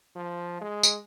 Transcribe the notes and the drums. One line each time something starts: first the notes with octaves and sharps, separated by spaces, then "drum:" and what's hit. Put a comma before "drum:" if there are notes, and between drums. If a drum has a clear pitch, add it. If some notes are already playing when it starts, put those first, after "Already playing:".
F3
G#3
drum: tambourine